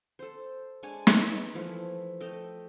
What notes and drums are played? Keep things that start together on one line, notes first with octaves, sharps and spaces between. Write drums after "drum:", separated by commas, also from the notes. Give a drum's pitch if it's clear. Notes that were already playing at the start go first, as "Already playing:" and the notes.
A4 C5
G#3 D4 C#5 G#5
D#4 B4 G#5, drum: snare
E3 F3 A3
A3 D#5 G5 A#5